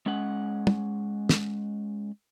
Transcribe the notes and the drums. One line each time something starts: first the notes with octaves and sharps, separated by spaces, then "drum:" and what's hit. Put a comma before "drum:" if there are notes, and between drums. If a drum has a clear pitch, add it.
G#3 C#4 F#5
drum: tom
drum: snare